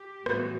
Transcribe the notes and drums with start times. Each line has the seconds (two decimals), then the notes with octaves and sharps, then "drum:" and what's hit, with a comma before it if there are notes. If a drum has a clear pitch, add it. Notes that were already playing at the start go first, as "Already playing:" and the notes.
Already playing: G4
0.26 A2 E3 G3 B3 F#4, drum: rim click